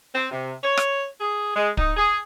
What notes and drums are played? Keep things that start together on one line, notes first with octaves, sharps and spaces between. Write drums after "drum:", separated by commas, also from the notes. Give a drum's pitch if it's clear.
C4
C3
C#5
drum: rim click
G#4
G#3
D#4, drum: kick
G#4